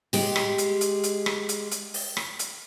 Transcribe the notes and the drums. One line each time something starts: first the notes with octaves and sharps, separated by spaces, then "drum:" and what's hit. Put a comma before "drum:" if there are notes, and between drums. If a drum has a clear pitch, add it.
G#3 G4, drum: open hi-hat
drum: rim click
drum: hi-hat
drum: hi-hat
drum: hi-hat
drum: rim click
drum: hi-hat
drum: hi-hat
drum: open hi-hat
drum: rim click
drum: hi-hat